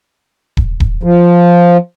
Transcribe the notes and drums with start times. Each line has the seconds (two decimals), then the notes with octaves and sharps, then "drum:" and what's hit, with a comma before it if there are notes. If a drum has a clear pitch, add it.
0.57 drum: kick D#1
0.80 drum: kick D#1
1.03 F3